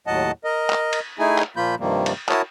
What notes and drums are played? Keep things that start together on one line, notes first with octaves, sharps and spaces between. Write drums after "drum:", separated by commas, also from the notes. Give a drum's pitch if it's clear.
D#2 A2 F#3 D#5 F#5 A5
A#4 D#5
drum: clap
drum: cymbal
A3 D#4 E4 G#4 G#5
drum: clap
A#2 F3 A#3 F4 B5 G6
G2 C3 D#3 F3 G3 A#3
drum: cymbal
E4 F#4 A#4 C#5 A5 D#6, drum: clap